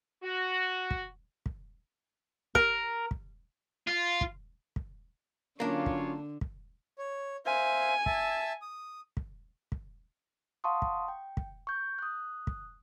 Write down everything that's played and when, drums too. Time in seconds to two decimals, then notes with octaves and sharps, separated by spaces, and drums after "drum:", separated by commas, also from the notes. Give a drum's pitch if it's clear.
0.24 F#4
0.91 drum: kick
1.46 drum: kick
2.55 A#4, drum: kick
3.11 drum: kick
3.87 F4
4.21 drum: kick
4.76 drum: kick
5.60 D3 F#3 A#3 C#4 D4 F4 C#5
5.86 drum: kick
6.41 drum: kick
6.98 C#5
7.46 C5 E5 F5 G#5
8.06 E5 A5 E6, drum: kick
8.62 D#6
9.17 drum: kick
9.72 drum: kick
10.64 F5 F#5 A5 C6 C#6 D#6
10.82 drum: kick
11.08 G5
11.37 drum: kick
11.67 C#6 G6
11.99 D#6 F#6
12.47 drum: kick